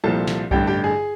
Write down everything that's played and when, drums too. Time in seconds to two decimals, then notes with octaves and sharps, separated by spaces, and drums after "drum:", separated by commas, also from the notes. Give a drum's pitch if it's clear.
0.04 C2 A#2 F3 A4 A5
0.28 drum: snare
0.51 A1 G2 D3 G4 G5, drum: kick B1
0.67 G4 G5
0.84 G#4 G#5